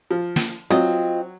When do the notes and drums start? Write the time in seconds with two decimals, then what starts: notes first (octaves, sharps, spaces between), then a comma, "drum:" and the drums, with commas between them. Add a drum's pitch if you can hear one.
0.10 F3
0.36 drum: snare
0.70 F#3 C4 F4 D#5, drum: rim click